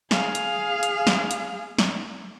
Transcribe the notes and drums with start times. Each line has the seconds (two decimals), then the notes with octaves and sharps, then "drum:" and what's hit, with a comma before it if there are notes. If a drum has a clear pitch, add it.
0.11 G#4 F5, drum: snare
0.35 drum: hi-hat
0.83 drum: hi-hat
1.07 drum: snare
1.31 drum: hi-hat
1.79 drum: snare